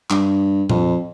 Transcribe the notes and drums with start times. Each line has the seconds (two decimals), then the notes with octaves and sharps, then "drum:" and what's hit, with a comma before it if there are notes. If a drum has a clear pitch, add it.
0.10 G2, drum: clap
0.69 F2, drum: tom A#2